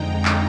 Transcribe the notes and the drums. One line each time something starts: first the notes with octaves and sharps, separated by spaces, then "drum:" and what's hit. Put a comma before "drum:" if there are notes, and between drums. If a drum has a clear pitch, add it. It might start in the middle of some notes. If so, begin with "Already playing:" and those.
Already playing: F2 D3 G#3 D#4 G5 A#5
drum: clap